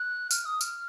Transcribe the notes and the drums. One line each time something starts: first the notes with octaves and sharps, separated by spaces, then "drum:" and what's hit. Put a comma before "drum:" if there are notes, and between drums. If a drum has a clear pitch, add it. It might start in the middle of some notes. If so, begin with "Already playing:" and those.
Already playing: F#6
F6, drum: tambourine
D#6
F6, drum: tambourine